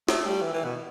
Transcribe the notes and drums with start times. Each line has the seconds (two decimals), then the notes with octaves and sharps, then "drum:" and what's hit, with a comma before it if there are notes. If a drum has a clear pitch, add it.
0.09 A3, drum: snare
0.25 G3
0.42 E3
0.54 E3
0.65 B2